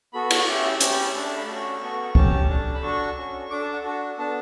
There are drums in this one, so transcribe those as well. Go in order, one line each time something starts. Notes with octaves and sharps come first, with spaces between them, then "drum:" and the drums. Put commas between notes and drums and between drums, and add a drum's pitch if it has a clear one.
B3 F#4 A4 B5
C#6, drum: cymbal
C#4 E4 G4 D6
E6
C#4 G4 D6, drum: hi-hat
B5
A5
A3 D4 A4 A5
A5
B5
C#4 F#4 A4 C#6
B3 F#4 A4
C#4 G4 A5, drum: kick
D4 A4
B5
D4 F#4 A4 C#6
C#4 F#4 A4
D4 A4 D6
A5
F#5
D4 F#4 A4
B3 D4 A4 A5